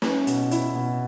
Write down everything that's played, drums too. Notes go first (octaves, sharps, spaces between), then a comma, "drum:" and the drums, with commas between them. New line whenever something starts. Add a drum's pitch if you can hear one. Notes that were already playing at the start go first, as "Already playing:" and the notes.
C#4, drum: snare
B2, drum: hi-hat
E4, drum: hi-hat
B2